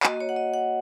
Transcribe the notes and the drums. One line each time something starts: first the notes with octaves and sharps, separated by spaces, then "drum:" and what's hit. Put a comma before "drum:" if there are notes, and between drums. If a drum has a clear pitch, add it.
A#3 F#4 D#5, drum: clap
C#5
F#5
D#5
F#5